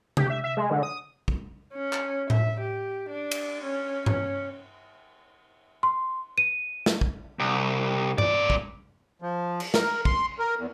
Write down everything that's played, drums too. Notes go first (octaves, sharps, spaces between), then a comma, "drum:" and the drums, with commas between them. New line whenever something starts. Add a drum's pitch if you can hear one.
G4, drum: tom C3
E5
E5
G#3
D3
D#6
drum: kick
C#4
drum: clap
E5, drum: tom A2
G4
D4
drum: cymbal
C#4
C#4, drum: tom G2
C6
D#7
drum: snare
drum: kick
C2
A2 D5, drum: tom G2
drum: kick
F3
drum: cymbal
A#4, drum: snare
C6, drum: kick
A#4
E2